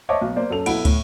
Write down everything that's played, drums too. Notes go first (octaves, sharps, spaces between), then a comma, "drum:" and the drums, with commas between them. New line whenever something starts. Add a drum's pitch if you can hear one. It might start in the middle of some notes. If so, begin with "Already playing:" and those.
C5 C#5 D#5 E5 A5 D6
B1
A#3 C5 D5
F#2 A4 F7
B1 E4 A4 F#5 D7, drum: cymbal
A2, drum: kick, cymbal